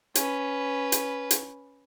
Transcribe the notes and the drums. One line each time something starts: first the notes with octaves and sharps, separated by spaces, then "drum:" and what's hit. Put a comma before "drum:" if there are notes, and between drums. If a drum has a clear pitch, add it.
C#4 B4, drum: hi-hat
drum: hi-hat
drum: hi-hat